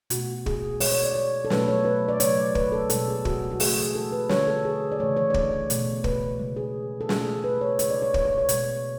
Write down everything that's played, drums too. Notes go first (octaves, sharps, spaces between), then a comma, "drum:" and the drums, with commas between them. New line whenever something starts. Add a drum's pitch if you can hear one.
B2 A3 F#4, drum: hi-hat
G#4, drum: kick
B2 G#3 C#5, drum: open hi-hat
C#5
D5
C#5
A4
B2 F#3 A3 B4, drum: snare
C#5
B4
D5
C#3 F#3 A3 C#5, drum: hi-hat
D5
B4, drum: kick
A4
B2 G#3 A4, drum: hi-hat
G#4
F#4, drum: kick
F#4
C#3 E3 A3 G#4, drum: open hi-hat
A4
B4
D3 A3 C#5, drum: snare
A4
G#4
D5
C#3 E3 A3 C#5
C#5
D5
C#5, drum: kick
B2 A3, drum: hi-hat
B4, drum: kick
C#3 G#3
G#4
A4
B2 A3 G#4, drum: snare
B4
C#5
C#3 G#3 C#5, drum: hi-hat
D5
C#5
C#5, drum: kick
C#5
C#5
B2 G#3, drum: hi-hat